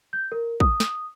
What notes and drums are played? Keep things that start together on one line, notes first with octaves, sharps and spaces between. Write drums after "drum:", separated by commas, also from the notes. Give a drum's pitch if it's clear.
G6
A#4
D#6, drum: kick
drum: snare